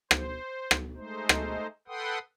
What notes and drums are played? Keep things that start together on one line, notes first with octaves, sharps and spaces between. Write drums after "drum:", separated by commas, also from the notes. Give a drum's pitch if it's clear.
C5, drum: rim click
drum: rim click
G#3 A3 D#4 C5
drum: rim click
A4 B4 F#5 G5 C6 D#6